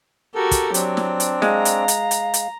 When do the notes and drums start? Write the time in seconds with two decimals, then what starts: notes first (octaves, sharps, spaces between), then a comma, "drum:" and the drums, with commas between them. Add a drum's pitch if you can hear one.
0.35 F#4 G4 A4 A#4
0.51 drum: kick, hi-hat
0.74 F#3 C4 D4, drum: hi-hat
0.97 drum: snare
1.20 drum: hi-hat
1.42 G#3 F5 A#5, drum: snare
1.65 drum: hi-hat
1.88 drum: hi-hat
2.11 drum: hi-hat
2.34 drum: hi-hat